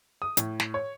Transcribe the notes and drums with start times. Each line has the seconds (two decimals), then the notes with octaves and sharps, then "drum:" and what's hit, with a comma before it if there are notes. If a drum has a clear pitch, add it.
0.22 D#6
0.37 A2, drum: hi-hat
0.60 drum: snare
0.74 C#5